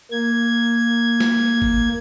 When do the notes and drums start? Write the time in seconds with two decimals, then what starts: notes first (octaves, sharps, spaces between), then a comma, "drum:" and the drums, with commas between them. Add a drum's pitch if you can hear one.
0.11 A#3 G#6
1.20 drum: snare
1.62 drum: kick G#1